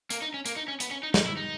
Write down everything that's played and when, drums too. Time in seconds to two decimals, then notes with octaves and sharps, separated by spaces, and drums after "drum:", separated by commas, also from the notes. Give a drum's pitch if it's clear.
0.10 A#3, drum: hi-hat
0.22 D#4
0.34 C#4
0.46 A#3, drum: hi-hat
0.56 D#4
0.68 C#4
0.80 B3, drum: hi-hat
0.91 C#4
1.03 D#4
1.14 D#4, drum: snare
1.26 E4
1.37 D#4